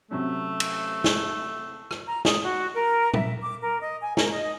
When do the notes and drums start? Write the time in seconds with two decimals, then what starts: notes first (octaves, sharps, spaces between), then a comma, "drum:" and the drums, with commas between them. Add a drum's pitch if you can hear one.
0.11 C3 F#3 A3 C#4
0.60 drum: cymbal
1.04 drum: snare
1.91 drum: rim click
2.07 A#5
2.25 D#6, drum: snare
2.43 F#4
2.75 A#4
3.14 E5, drum: tom
3.43 D6
3.62 A#4
3.80 D#5
4.01 G#5
4.17 A#4, drum: snare
4.32 D#5